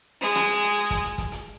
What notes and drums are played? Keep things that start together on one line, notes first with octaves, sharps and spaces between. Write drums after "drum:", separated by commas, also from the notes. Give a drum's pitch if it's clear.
G#3, drum: hi-hat
drum: rim click
drum: hi-hat
drum: hi-hat
drum: hi-hat
drum: kick, hi-hat
drum: hi-hat
drum: kick, hi-hat
drum: hi-hat